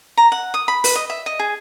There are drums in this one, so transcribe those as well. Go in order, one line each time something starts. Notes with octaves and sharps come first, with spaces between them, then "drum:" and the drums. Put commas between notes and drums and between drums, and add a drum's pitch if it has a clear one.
A#5
F#5
D#6
B5
B4, drum: open hi-hat
D#5
E5
D#5
G#4